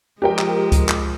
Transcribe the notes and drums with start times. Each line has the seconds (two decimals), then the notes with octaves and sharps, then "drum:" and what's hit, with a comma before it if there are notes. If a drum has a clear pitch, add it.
0.22 F3 G#3 G4 A#4 G5
0.39 drum: clap
0.72 drum: kick C#2, hi-hat
0.89 drum: clap